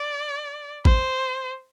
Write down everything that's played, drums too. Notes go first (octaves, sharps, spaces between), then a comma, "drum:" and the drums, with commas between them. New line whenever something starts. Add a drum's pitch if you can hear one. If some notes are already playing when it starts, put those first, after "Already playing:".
Already playing: D5
C5, drum: kick